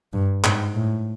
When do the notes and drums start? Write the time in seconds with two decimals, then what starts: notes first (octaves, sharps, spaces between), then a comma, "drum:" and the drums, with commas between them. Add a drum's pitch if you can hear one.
0.13 G2
0.44 G#2, drum: clap
0.75 A2